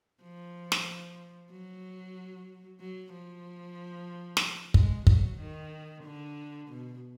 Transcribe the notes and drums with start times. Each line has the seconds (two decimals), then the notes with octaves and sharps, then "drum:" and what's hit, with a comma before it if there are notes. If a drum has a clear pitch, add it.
0.22 F3
0.72 drum: snare
1.51 F#3
2.80 F#3
3.13 F3
4.37 drum: snare
4.74 G#3, drum: kick
5.07 F#3, drum: kick
5.39 D#3
6.03 D3
6.68 B2